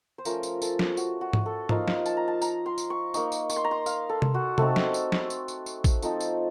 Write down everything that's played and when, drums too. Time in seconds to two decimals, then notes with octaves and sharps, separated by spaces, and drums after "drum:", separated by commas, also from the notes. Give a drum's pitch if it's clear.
0.18 C5
0.25 F3 A3 C#4 A#4, drum: tambourine
0.43 drum: tambourine
0.62 A4, drum: tambourine
0.79 drum: snare
0.97 F#4, drum: tambourine
1.21 F#4
1.33 drum: tom G#2
1.46 A4
1.69 F3 A#3 D#4 F5, drum: tom G#2
1.88 drum: snare
2.06 A5, drum: tambourine
2.17 A#5
2.28 A5
2.42 A#5, drum: tambourine
2.66 C6
2.78 drum: tambourine
2.90 C#6
3.14 A#3 D#4 C#6, drum: tambourine
3.32 drum: tambourine
3.50 C#6, drum: tambourine
3.56 C6
3.64 A#5
3.71 C6
3.86 F5, drum: tambourine
4.09 A4
4.22 drum: tom C3
4.34 F#4
4.58 A3 C4 D#4 A4, drum: tom C3
4.76 drum: snare
4.94 drum: tambourine
5.12 drum: snare
5.30 drum: tambourine
5.48 drum: tambourine
5.66 drum: tambourine
5.84 drum: kick, tambourine
6.02 F3 C4 D#4 A4, drum: tambourine
6.20 drum: tambourine